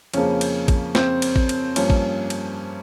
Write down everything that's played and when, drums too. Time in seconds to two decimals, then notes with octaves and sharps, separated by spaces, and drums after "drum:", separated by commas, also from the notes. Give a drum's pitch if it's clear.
0.14 F2 C#3 F3 A#3 C#4, drum: cymbal
0.41 drum: cymbal
0.68 drum: kick A1, cymbal
0.95 C4, drum: snare
1.22 drum: cymbal
1.36 drum: kick A1
1.49 drum: cymbal
1.76 G2 F3 A#3 C#4, drum: cymbal
1.90 drum: kick A1
2.30 drum: cymbal